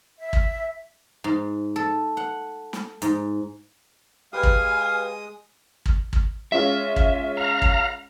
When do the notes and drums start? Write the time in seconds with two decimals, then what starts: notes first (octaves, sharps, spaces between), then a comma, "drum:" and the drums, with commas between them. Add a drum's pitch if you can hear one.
0.18 E5
0.33 drum: kick
1.24 G#2
1.76 A4
2.17 F#5
2.73 drum: snare
3.02 G#2, drum: hi-hat
4.33 G#3 G4 B4 F5 G5 G#5 D#6
4.43 drum: kick
5.86 drum: kick
6.13 drum: kick
6.52 G#3 C#4 F4 E5
6.96 drum: kick
7.37 F5 A#5
7.62 drum: kick